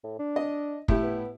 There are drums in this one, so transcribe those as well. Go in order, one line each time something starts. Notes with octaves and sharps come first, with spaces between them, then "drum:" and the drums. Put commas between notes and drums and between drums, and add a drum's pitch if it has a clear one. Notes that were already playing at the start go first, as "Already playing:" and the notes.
A2
D4
D#5
A2 E4 G4, drum: kick
B3